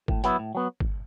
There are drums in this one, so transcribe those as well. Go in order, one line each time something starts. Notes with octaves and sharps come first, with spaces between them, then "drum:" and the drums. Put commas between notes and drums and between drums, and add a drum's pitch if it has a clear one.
A2, drum: kick G1
F#3 B3 E4, drum: hi-hat
A2
F#3 B3
drum: kick G1